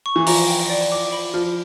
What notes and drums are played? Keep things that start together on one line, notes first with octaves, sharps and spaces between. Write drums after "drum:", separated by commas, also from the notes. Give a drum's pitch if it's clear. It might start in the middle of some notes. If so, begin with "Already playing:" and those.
C#6
E3
F3 A#5, drum: open hi-hat
G5
D5
D6
B5
F3 F6